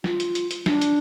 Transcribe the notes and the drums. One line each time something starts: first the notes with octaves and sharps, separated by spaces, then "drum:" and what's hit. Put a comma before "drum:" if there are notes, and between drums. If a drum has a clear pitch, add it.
F4, drum: snare
drum: hi-hat
drum: hi-hat
drum: hi-hat
D4, drum: snare
drum: hi-hat